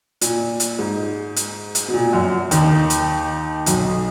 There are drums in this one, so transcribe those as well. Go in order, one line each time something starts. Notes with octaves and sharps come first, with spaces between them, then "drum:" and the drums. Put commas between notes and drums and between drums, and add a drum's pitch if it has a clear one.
A#2, drum: hi-hat
drum: hi-hat
G#2
drum: hi-hat
drum: hi-hat
B2
A#2
F#2 F#3
D#2 D#3, drum: hi-hat
drum: hi-hat
B1 B2, drum: hi-hat